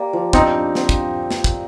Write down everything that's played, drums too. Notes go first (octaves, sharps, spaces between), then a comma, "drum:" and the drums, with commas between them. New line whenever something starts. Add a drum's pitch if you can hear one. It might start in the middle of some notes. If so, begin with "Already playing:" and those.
Already playing: A#3 G4 D5
F3
C4 D4 D#4, drum: kick
D4
C4, drum: snare
drum: kick
drum: snare
drum: kick